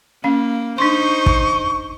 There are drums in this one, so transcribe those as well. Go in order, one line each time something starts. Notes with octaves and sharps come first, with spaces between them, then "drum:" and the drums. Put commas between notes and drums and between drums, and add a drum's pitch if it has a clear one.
A#3 C#4 F5
D4 D#4 C5 C6 C#6
drum: kick